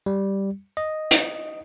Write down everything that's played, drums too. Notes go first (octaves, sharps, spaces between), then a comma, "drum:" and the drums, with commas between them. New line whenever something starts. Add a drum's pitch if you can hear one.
G3
D#5
drum: hi-hat